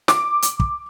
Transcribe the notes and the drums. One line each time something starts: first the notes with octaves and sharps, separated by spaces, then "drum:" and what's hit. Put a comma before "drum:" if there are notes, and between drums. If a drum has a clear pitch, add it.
D6, drum: snare
drum: hi-hat
drum: kick